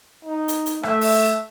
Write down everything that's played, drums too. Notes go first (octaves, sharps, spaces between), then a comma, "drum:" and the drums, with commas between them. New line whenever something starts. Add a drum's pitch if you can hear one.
D#4
drum: hi-hat
drum: hi-hat
A3 E5, drum: rim click
drum: open hi-hat